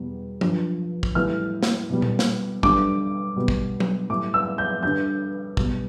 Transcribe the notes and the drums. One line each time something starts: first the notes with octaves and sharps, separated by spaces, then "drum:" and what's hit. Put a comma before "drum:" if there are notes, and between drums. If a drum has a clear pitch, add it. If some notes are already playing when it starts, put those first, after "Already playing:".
Already playing: E2 B2 G3
G2 F3, drum: tom F#3
drum: kick
A2 E3 G3 F6
drum: snare
B2 G3
drum: tom A#2
drum: snare
G2 D3 G3 D6, drum: kick
B2 G3
drum: kick
drum: tom F#3
A2 G3 D6
E6
G6
G2 D3 G3 G6
B2 G3, drum: kick